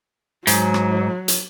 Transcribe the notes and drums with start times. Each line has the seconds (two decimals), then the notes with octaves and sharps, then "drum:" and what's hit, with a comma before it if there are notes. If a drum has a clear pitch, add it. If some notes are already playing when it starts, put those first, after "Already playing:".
0.47 G#2 F#3, drum: hi-hat
0.74 drum: rim click
1.28 drum: hi-hat